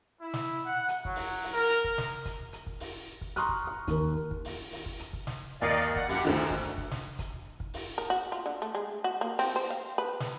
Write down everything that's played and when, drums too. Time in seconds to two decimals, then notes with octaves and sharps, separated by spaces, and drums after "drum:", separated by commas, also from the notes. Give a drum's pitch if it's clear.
0.21 E4
0.34 drum: snare
0.65 F#5
0.88 drum: hi-hat
1.05 F#3, drum: kick
1.16 drum: open hi-hat
1.43 drum: open hi-hat
1.54 A#4
1.71 drum: hi-hat
1.84 drum: kick
1.98 drum: snare
2.25 drum: kick, hi-hat
2.53 drum: hi-hat
2.67 drum: kick
2.80 drum: open hi-hat
3.21 drum: kick
3.36 A#5 C6 C#6 D#6 F6 F#6, drum: hi-hat
3.49 drum: kick
3.67 C#6
3.88 D#2 A#4, drum: kick, hi-hat
4.31 drum: kick
4.45 drum: open hi-hat
4.72 drum: open hi-hat
4.86 drum: kick
5.00 drum: hi-hat
5.13 drum: kick
5.27 drum: snare
5.62 D#2 A#3 D5 D#5 F5 C#7
5.82 drum: hi-hat
5.96 F#5, drum: kick
6.09 F#2 G4 F#5, drum: open hi-hat
6.25 D2 D3 D#3 F3
6.37 drum: open hi-hat
6.50 drum: kick
6.64 drum: hi-hat
6.78 drum: kick
6.91 drum: snare
7.19 drum: kick, hi-hat
7.60 drum: kick
7.74 drum: open hi-hat
7.98 A#4
8.10 F#4
8.32 F4
8.46 D3
8.62 A3
8.75 G#3
9.04 F#4
9.21 A#3
9.39 C4, drum: open hi-hat
9.56 C5
9.70 F5
9.98 B4
10.20 drum: snare